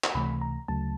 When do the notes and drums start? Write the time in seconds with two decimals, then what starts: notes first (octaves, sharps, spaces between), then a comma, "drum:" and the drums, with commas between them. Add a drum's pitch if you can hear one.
0.04 drum: clap
0.14 C#2 C3 E3 A3 B5
0.41 A#5
0.68 D2 C#3 F#3 A3 A5